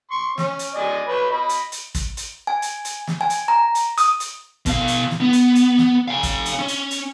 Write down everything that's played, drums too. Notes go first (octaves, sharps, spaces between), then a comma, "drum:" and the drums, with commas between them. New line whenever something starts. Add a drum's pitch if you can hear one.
C6 C#6
C#4, drum: snare
drum: hi-hat
D5 D#5 G#5
B4 C#5 B5
D#5 B5
drum: hi-hat
drum: hi-hat
drum: kick, hi-hat
drum: hi-hat
G#5
drum: hi-hat
drum: hi-hat
drum: snare
G#5
drum: hi-hat
A#5
drum: hi-hat
D#6, drum: hi-hat
drum: hi-hat
B2 F5, drum: kick, hi-hat
drum: hi-hat
drum: snare
B3
drum: hi-hat
drum: hi-hat
drum: snare
F5 G#5
drum: kick, hi-hat
drum: hi-hat
C#4
drum: hi-hat
drum: hi-hat